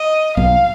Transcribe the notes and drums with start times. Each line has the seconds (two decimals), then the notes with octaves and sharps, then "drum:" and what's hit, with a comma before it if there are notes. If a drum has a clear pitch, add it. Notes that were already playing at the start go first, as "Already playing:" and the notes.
Already playing: D#5
0.37 B2 F#3 B3 F5, drum: kick B1